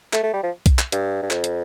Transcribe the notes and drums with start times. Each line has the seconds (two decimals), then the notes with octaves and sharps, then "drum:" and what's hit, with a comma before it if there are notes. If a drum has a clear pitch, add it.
0.13 A3, drum: clap
0.23 A3
0.33 G3
0.44 F3
0.66 drum: kick B1, hi-hat
0.79 drum: clap
0.92 G2, drum: hi-hat
1.23 G2
1.31 F2, drum: clap
1.44 drum: hi-hat